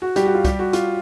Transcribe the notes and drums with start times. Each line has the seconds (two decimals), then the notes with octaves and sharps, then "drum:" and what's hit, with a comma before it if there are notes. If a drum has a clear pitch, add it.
0.02 F#4
0.16 G3 G4, drum: hi-hat
0.26 F#4
0.34 F4
0.45 G3 G4, drum: kick C2, hi-hat
0.59 F#4
0.73 F4, drum: hi-hat